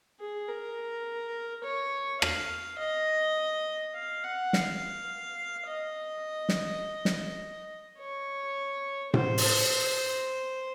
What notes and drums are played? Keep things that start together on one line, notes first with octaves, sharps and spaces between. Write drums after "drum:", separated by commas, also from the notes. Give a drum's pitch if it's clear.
G#4
A#4
C#5
F5, drum: rim click
D#5
F5
F#5
F5, drum: snare
D#5
drum: snare
drum: snare
C#5
C5, drum: tom A2
drum: open hi-hat